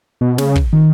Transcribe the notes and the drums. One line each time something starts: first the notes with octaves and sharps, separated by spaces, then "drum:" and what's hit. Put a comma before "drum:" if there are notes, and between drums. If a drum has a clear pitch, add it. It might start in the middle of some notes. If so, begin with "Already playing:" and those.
B2
C#3, drum: snare
drum: kick
D#3